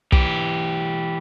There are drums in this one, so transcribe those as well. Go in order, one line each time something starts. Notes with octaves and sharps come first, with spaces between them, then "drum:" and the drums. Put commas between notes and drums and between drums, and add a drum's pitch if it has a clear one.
E3 G4, drum: kick